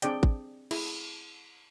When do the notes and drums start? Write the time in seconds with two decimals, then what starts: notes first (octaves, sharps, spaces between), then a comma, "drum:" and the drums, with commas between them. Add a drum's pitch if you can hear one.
0.02 C4 D4 G#4 D5 G5, drum: hi-hat
0.23 drum: kick
0.71 E4 G#4, drum: cymbal